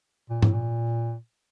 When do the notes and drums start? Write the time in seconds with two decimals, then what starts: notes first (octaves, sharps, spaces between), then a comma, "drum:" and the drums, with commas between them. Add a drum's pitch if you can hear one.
0.30 A#2
0.42 A2, drum: tom G#2
0.54 A#2